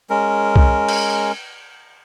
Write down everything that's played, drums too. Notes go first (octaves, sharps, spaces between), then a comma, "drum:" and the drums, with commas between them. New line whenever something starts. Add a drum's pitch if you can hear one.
G#3 C#4 A#4
drum: kick C2
drum: cymbal